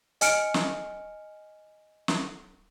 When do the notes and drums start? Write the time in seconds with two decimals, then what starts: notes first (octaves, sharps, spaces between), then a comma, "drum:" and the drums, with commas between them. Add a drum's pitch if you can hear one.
0.21 D#5 G#5 F6 C#7 D7, drum: hi-hat
0.54 drum: snare
2.08 drum: snare